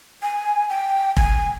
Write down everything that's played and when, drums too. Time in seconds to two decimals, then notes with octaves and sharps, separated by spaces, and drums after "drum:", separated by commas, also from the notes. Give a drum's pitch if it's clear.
0.22 G#5
0.69 G5
1.17 G#5, drum: kick F1